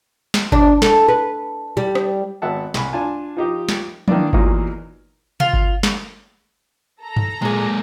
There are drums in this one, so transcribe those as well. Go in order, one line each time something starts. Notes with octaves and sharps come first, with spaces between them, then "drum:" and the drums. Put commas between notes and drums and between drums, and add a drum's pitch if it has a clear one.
drum: snare
D4, drum: kick G1
A4, drum: snare
B4
G3
drum: rim click
G#1 B3 E5 F#5 A5
C2 G#5 B5, drum: snare
D4 F4 G#5 A5
F3 D#4 G4
drum: snare
D#3 A#3 B3 D4 E4, drum: tom
E2 A#2 E3 F#3 A#3 D#4, drum: kick G1
F4, drum: tom C3
drum: kick G1
drum: snare
A4 A#5
drum: tom G2
A#2 G#3 A#3 G#4